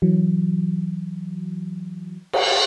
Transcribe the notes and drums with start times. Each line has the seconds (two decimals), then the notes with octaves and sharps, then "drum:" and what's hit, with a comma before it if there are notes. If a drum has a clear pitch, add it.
0.02 E3 F#3
2.33 drum: cymbal